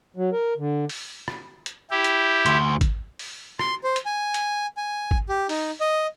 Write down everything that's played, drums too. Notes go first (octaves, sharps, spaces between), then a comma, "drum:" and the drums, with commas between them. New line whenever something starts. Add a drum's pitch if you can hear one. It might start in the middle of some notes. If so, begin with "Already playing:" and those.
F#3
A#4
D3
drum: open hi-hat
drum: rim click
drum: hi-hat
E4 G4
drum: hi-hat
D2 C6, drum: hi-hat
drum: kick G#1, hi-hat
drum: open hi-hat
C6, drum: rim click
C5
drum: hi-hat
G#5
drum: hi-hat
G#5
drum: kick G#1
G4
D#4, drum: open hi-hat
D#5